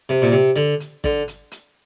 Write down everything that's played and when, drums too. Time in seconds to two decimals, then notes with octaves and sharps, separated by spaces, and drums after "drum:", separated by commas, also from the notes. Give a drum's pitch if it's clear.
0.09 C3
0.22 A#2
0.32 C3
0.56 D3, drum: hi-hat
0.80 drum: hi-hat
1.04 D3, drum: kick
1.28 drum: hi-hat
1.52 drum: hi-hat